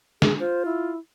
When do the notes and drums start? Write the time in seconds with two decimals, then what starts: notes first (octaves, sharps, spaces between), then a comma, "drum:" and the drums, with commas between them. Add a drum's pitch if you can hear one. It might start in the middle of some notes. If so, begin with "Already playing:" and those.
0.22 G#4, drum: snare
0.40 F4 C5
0.65 E4